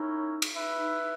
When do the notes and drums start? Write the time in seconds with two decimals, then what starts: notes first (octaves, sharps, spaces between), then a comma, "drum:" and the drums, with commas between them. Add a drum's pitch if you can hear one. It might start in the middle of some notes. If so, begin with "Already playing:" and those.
Already playing: C#4 D#4 E4 A#4 C#5
0.42 drum: cymbal
0.56 D#4 E4 B4 E5
0.79 D#4